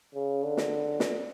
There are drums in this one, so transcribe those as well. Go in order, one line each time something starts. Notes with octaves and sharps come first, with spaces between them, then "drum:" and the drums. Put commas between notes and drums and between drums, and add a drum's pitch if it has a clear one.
C#3
D3
drum: snare
drum: snare